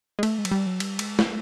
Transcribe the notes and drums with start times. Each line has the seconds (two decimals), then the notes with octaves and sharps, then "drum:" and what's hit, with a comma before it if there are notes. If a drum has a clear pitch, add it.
0.19 G#3
0.23 A3, drum: cymbal
0.38 G#3
0.45 F#3, drum: cymbal
0.51 G3
0.66 F#3
0.80 G3, drum: cymbal
0.99 G#3, drum: cymbal
1.19 A3, drum: snare